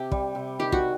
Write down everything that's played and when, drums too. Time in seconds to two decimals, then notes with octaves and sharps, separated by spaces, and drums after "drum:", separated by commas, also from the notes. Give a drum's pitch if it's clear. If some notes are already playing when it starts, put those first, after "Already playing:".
Already playing: C3 G4
0.12 G3, drum: kick
0.35 C3
0.59 D#3 G4
0.72 F#4, drum: kick